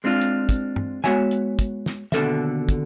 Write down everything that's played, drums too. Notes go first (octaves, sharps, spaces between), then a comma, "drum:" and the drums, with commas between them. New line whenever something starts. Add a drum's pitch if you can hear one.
G#3 C4 D4 F4
drum: hi-hat
drum: kick, hi-hat
drum: tom
G#3 B3 F#4 C#5 E5 G#5, drum: snare
drum: hi-hat
drum: kick, hi-hat
drum: snare
D#2 B2 D3 A4 C5 E5, drum: snare
drum: kick, hi-hat